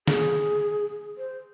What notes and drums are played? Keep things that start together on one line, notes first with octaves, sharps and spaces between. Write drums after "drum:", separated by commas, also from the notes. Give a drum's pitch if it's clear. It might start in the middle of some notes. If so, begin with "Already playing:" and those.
G#4, drum: snare
C5